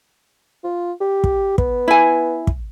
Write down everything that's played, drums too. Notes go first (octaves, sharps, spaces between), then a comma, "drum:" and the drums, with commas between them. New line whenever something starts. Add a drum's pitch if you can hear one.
F4
G4
drum: kick
B3, drum: kick
E4 G#5
drum: kick